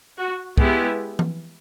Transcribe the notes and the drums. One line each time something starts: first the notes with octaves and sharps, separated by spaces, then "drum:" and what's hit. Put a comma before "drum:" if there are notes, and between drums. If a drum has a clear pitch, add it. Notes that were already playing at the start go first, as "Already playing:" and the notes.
F#4
G#3 B3 E4 G4, drum: kick
drum: tom E3